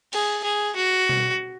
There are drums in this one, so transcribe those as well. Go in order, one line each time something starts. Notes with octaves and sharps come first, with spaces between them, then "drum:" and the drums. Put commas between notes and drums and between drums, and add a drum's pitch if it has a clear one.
G#4, drum: cymbal
G#4
F#4
drum: tom B2